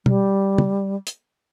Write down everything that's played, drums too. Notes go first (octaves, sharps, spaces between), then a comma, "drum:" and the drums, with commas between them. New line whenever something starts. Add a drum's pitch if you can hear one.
G3, drum: tom B2
drum: tom
drum: hi-hat